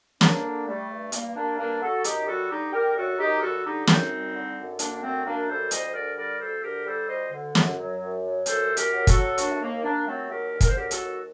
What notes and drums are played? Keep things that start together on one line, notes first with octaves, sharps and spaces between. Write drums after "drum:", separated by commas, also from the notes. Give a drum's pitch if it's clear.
G2 A#3 D4, drum: snare
D3
G3 A3
G2
G2 A#3, drum: hi-hat
G3 A#3 D4
G2 A#3 D4
D3 F#4 A4
F#2 D#4 G4, drum: hi-hat
G3 F#4 A4
D3 D#4 G4
D3 G4 A#4
F#2 F#4 A4
F#2 D#4 G4
A#4
G3 F#4 A4
D3 D#4 G4
F#2 C4 D#4, drum: snare
G3
D3
F#2
D3 A#3 D4, drum: hi-hat
D4
F#2 A3 C4
F#2 A#3 D4
G3 A4 C5
D2 C5 D#5, drum: hi-hat
D3 A#4 D5
G3 A#4 D5
D2 A4 C5
D3 G4 A#4
G3 A4 C5
D2 C5 D#5
D3
F#2, drum: snare
F#3
F#2
F#3
F#2 A4 C5, drum: hi-hat
F#2
G4 A#4, drum: hi-hat
F#3
F#4 A4, drum: kick, hi-hat
F#3
D#2 D4 F#4, drum: hi-hat
A3
D#2 A#3
D#2 A#3 D4
F#3 A3 C4
D#2 G4 A#4
D3
A#4, drum: kick, hi-hat
C5
F#3 G4 A#4
F#4 A4, drum: hi-hat
D#2